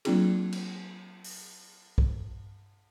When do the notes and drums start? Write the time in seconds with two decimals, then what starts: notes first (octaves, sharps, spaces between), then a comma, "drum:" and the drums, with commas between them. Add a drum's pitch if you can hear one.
0.05 F#3 A#3 C4 D4 F4 G#4, drum: cymbal
0.53 drum: cymbal
1.24 drum: open hi-hat
1.98 drum: kick